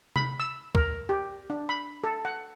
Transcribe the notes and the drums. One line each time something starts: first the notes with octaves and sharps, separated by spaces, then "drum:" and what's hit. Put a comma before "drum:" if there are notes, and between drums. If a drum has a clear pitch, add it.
B5, drum: tom C3
E6
A#4, drum: kick
G4
D4
B5
A4
F#5